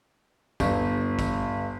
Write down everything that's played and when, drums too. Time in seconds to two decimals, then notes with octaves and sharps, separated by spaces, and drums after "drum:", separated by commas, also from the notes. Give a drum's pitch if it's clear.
0.60 G1, drum: kick, tambourine
1.19 drum: kick, tambourine